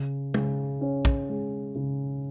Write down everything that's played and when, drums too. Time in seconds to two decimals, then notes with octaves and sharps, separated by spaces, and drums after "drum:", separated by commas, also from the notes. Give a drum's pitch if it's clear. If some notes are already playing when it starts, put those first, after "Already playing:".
Already playing: C#3
0.34 C#3, drum: tom G#3
0.81 C#4
1.05 drum: kick
1.29 G#3
1.76 C#3